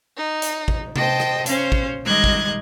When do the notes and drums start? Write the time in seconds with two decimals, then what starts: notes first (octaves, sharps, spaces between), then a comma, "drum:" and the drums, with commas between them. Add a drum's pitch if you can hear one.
0.16 D#4
0.42 drum: hi-hat
0.68 drum: kick
0.96 C5 D#5 G5 A5, drum: tom C3
1.20 drum: rim click
1.46 C#4 C5 F5, drum: hi-hat
1.72 drum: kick
2.04 D#3 G3 G#3 D#5 F#6 G#6
2.24 drum: kick